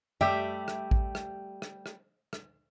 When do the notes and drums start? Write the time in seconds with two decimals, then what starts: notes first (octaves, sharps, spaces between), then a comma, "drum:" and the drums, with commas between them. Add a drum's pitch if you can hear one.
0.21 G3 A3 G4 E5 G5, drum: tom F#2
0.68 drum: rim click
0.91 drum: kick A1
1.15 drum: rim click
1.62 drum: rim click
1.86 drum: rim click
2.33 drum: rim click